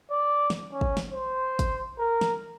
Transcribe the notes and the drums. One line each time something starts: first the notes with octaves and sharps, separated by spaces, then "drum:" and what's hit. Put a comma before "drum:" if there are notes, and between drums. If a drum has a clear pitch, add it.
D5
drum: snare
C#4
drum: kick
drum: snare
C5
drum: kick, hi-hat
A#4
drum: snare